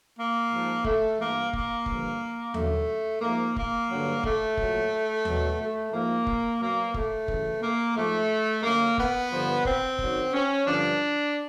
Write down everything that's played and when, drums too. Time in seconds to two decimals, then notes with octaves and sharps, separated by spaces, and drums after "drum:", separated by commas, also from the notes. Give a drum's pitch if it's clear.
0.17 A#3
0.51 G#2 F3
0.84 A3, drum: kick
1.19 G2 E3 A#3
1.53 A#3, drum: kick
1.86 G2 D3 F3, drum: kick
2.54 F#2 D3 F#3 A3, drum: tom D#2
3.21 G#2 F3 A#3
3.56 A#3, drum: kick
3.90 G2 D3 F#3
4.24 A3, drum: kick
4.57 A#2 F#3, drum: kick
5.25 B2 F#3, drum: tom D#2
5.59 A3
5.92 G#2 F3 A#3
6.27 drum: kick
6.61 B2 F#3 A#3
6.94 A3, drum: kick
7.28 F#2 C#3 E3, drum: kick
7.62 A#3
7.96 G#2 F3 A3
8.63 F#2 D3 F#3 A#3
8.98 B3, drum: kick
9.31 G2 D3 F3
9.65 C4, drum: kick
9.99 F#2 D#3 F#3, drum: kick
10.33 C#4
10.66 G2 D3 F3 D4